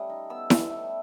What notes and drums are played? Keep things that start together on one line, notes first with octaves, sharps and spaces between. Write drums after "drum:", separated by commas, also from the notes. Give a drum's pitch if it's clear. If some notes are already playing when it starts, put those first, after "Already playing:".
Already playing: G3 A3 C#4 D#6
D#4
B3 E6
G3, drum: snare E4
A3